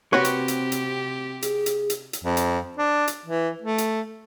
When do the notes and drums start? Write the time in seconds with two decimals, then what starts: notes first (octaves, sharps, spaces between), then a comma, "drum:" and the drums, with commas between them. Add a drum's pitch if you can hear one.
0.13 C3 C4 F#4 G4 B4 C#5
0.25 drum: hi-hat
0.48 drum: hi-hat
0.72 drum: hi-hat
1.42 G#4, drum: hi-hat
1.66 drum: hi-hat
1.90 drum: hi-hat
2.13 drum: hi-hat
2.24 F2
2.37 drum: hi-hat
2.77 D4
3.08 drum: hi-hat
3.26 E3
3.61 A3
3.78 drum: hi-hat